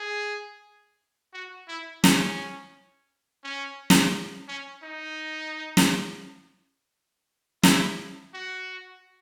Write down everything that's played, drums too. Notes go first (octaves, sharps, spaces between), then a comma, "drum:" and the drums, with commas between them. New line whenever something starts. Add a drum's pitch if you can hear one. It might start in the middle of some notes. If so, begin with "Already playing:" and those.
Already playing: G#4
F#4
E4
C#4, drum: snare
C#4
drum: snare
C#4
D#4
drum: snare
E4, drum: snare
F#4